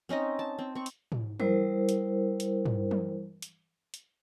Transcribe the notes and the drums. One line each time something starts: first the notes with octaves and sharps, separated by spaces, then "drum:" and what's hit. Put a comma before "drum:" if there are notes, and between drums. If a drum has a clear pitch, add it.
C4 C#4 D#4 D#5
A5
C4
C4 C#6
drum: hi-hat
drum: tom
G3 E4 A#4 C5, drum: tom
drum: hi-hat
drum: hi-hat
drum: tom
drum: tom
drum: hi-hat
drum: hi-hat